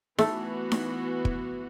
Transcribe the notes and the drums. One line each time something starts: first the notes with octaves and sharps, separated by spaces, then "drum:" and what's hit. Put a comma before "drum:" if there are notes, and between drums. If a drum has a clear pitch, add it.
E3 A3 B3 F#4, drum: snare D#4
drum: snare D#4
drum: kick